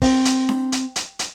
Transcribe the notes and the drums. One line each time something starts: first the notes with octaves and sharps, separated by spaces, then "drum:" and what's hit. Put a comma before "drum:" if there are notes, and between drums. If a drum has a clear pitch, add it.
C4, drum: kick, open hi-hat
drum: hi-hat
drum: snare D4
drum: hi-hat
drum: hi-hat
drum: hi-hat